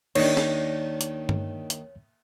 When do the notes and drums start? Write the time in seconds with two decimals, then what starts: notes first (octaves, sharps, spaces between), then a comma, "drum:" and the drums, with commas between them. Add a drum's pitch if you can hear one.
0.15 D#2 D#3 D4 D#4 C#5, drum: cymbal
0.37 drum: snare
1.01 drum: hi-hat
1.29 drum: tom G2
1.70 drum: hi-hat